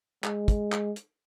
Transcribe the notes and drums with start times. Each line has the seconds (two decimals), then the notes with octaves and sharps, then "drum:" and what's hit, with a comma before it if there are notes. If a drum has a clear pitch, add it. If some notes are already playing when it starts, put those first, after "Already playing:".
0.24 G#3, drum: clap
0.48 drum: kick, hi-hat
0.72 drum: clap
0.96 drum: hi-hat